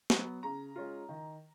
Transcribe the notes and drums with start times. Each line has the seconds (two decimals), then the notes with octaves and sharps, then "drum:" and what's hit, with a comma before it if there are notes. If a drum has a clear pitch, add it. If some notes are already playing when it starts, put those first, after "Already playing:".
0.10 F#3 B3, drum: snare
0.43 C#3 A#5
0.76 G#3 C#4 F4
1.09 D#3